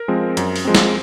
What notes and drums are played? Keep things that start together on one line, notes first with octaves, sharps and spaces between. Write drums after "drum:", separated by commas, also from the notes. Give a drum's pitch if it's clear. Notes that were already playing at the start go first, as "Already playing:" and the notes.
Already playing: A#4
F3 G#3 C4
F#2, drum: hi-hat
drum: open hi-hat
F3 G#3 C4
drum: snare